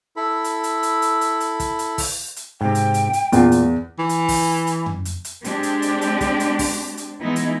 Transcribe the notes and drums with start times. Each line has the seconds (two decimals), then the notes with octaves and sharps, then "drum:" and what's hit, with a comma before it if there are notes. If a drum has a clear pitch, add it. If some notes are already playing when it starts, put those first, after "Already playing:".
0.16 E4 A4 B5
0.44 drum: hi-hat
0.64 drum: hi-hat
0.83 drum: hi-hat
1.02 drum: hi-hat
1.21 drum: hi-hat
1.40 drum: hi-hat
1.60 drum: kick, hi-hat
1.79 drum: hi-hat
1.98 drum: kick, open hi-hat
2.36 drum: hi-hat
2.61 G#2 C3 G5
2.75 drum: hi-hat
2.94 drum: hi-hat
3.13 drum: hi-hat
3.32 E2 A#2 F4, drum: hi-hat
3.52 drum: hi-hat
3.99 E3
4.09 drum: hi-hat
4.29 drum: kick, open hi-hat
4.67 drum: hi-hat
4.86 drum: tom
5.05 drum: hi-hat
5.25 drum: hi-hat
5.45 G#3 C4 D4 G4, drum: hi-hat
5.63 drum: hi-hat
5.82 drum: hi-hat
6.01 drum: hi-hat
6.21 drum: kick, hi-hat
6.40 drum: hi-hat
6.59 drum: kick, open hi-hat
6.97 drum: hi-hat
7.20 E3 G#3 B3 D#4 E4
7.36 drum: hi-hat